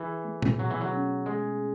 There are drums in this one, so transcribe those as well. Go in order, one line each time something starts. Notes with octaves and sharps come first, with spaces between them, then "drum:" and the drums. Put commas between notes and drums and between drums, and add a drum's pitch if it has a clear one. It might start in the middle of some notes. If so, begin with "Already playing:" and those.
Already playing: E3 G#4
A3
drum: tom A#2
B2 F#3
E3
F#3
C#4
G#3 G#4